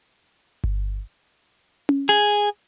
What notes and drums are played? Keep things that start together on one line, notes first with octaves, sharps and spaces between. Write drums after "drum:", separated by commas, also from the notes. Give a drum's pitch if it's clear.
drum: kick G1
drum: tom C#4
G#4